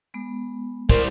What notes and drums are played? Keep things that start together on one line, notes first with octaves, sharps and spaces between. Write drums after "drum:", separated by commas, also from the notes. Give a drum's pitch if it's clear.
G#3 B3
G3 E4 G4 A#4 C5, drum: kick